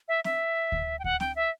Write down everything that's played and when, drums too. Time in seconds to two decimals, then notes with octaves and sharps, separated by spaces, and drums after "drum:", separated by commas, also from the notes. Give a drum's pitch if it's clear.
0.08 E5
0.24 E5, drum: snare
0.72 drum: kick D2
0.99 G5
1.04 F#5, drum: kick D2
1.20 G5, drum: snare
1.36 E5